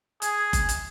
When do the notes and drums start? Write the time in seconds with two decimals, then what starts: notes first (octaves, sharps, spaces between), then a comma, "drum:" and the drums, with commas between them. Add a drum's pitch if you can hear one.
0.22 G#4, drum: hi-hat
0.53 drum: kick F#1, hi-hat
0.69 drum: hi-hat